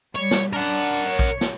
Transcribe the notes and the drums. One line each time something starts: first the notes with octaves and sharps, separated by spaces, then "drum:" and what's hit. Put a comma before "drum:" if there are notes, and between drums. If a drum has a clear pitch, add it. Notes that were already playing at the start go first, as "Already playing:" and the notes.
G3 C#5
drum: snare
D4 A#4 F#5
C#5
drum: kick A#1
drum: snare